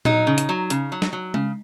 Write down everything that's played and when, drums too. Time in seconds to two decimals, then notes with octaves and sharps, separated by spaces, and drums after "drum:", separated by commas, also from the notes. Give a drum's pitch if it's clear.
0.05 F#3 D#4, drum: tom A#2
0.27 C#3
0.38 drum: hi-hat
0.49 F#3
0.70 C#3, drum: hi-hat
0.92 F#3
1.02 drum: snare
1.13 F#3
1.34 C#3, drum: tom G#3